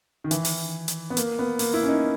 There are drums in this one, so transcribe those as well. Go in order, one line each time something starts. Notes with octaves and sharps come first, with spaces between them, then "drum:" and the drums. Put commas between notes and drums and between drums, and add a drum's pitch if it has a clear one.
D#3
E3, drum: hi-hat
drum: open hi-hat
drum: hi-hat
B3
A#3, drum: hi-hat
B3
A#3, drum: open hi-hat
E4
C#4
D#4